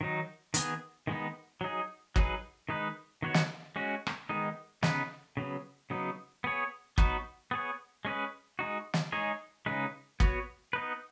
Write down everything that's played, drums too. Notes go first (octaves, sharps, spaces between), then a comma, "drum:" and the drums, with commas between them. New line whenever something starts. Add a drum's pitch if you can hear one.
D#3 F#3 D#4
D#3 B3 G#4, drum: hi-hat
D#3 G#3 B3 D#4
F#3 D#4 G#4
F#3 D#4 G#4 B4, drum: kick
D#3 G#3 D#4 B4
D#3 B3 F#4 C#5
drum: snare
G#3 C#4 F#4
drum: rim click
D#3 G#3 B3 D#4
C#3 B3 D#4 B4, drum: snare
C#3 F#3 B3
C#3 F#3 B3 D#4
B3 G#4 C#5
F#3 B3 D#4 F#4 B4, drum: kick
B3 G#4 C#5
G#3 C#4 G#4 B4
G#3 D#4 F#4
drum: snare
G#3 D#4 G#4 C#5
C#3 G#3 D#4 B4
B3 F#4 C#5, drum: kick
B3 D#4 B4